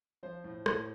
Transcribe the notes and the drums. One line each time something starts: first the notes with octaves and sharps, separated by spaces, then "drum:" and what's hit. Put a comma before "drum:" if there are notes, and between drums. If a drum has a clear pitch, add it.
F3 C5
A2
A2, drum: rim click